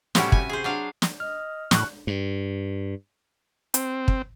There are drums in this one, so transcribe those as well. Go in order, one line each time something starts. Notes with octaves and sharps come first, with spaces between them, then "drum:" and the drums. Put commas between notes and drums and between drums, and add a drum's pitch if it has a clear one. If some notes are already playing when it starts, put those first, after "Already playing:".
A2 C3 G3 C#4 E4 F#4, drum: snare
G#5, drum: kick
G#4 C5
F#3 D4 F5
drum: snare
D#5 F6
A2 C#6 F#6, drum: snare
G2
C4, drum: hi-hat
drum: kick